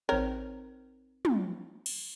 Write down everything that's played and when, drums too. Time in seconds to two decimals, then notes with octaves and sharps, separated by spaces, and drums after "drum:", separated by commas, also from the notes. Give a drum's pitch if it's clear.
0.09 A1 C4 D#4 A#4 C5 C#5
1.25 drum: tom
1.86 drum: cymbal